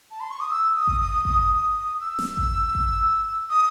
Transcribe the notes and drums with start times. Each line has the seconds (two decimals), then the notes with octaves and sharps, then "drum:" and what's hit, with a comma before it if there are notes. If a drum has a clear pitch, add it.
0.11 A5
0.20 C6
0.30 C#6
0.40 D#6
0.50 E6
0.76 D#6
0.87 drum: kick G#1
1.00 D#6
1.25 D#6, drum: kick G#1
2.00 E6
2.19 drum: snare
2.37 drum: kick G#1
2.75 drum: kick G#1
3.49 D#6